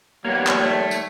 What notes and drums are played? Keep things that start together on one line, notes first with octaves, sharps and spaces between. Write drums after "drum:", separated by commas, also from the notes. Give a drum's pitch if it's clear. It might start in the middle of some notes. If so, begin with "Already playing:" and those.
D#2 F3 G3 A#3 B3 C#5
drum: clap
A3
drum: tambourine